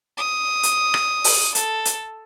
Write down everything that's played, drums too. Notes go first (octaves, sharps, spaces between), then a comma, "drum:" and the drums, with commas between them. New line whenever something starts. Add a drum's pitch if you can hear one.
D#6
drum: hi-hat
drum: rim click
drum: open hi-hat
A4, drum: hi-hat
drum: hi-hat